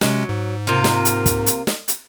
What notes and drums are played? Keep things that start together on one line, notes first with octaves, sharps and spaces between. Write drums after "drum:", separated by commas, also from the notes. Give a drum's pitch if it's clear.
C3 F#3 G#3 C#4, drum: snare
G#2
C3 A#3 F4
drum: snare
drum: hi-hat
drum: kick, hi-hat
drum: hi-hat
drum: snare
drum: hi-hat